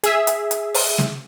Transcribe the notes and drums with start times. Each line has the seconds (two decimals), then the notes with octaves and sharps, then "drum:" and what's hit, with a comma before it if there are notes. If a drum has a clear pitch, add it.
0.04 G#4 E5, drum: hi-hat
0.27 drum: hi-hat
0.51 drum: hi-hat
0.74 drum: open hi-hat
0.98 drum: snare